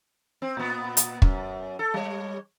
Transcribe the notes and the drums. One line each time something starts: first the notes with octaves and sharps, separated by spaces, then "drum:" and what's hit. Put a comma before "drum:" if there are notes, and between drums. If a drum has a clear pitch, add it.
C4
A#2 B3
drum: hi-hat
F#2, drum: kick
A4
G3 C#5